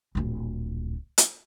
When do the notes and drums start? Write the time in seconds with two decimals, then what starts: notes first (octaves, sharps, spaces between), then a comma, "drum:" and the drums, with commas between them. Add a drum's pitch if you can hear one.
0.15 D1 A#1
1.18 drum: hi-hat